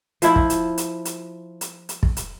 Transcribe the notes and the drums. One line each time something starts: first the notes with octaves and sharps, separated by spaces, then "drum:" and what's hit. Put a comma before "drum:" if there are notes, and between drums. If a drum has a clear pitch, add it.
F3 E4, drum: hi-hat
drum: kick
drum: hi-hat
drum: hi-hat
drum: hi-hat
drum: hi-hat
drum: hi-hat
drum: kick
drum: hi-hat